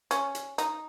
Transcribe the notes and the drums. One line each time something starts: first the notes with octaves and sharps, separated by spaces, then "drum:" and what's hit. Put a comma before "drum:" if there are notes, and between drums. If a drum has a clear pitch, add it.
C#4, drum: hi-hat
drum: hi-hat
D#4, drum: hi-hat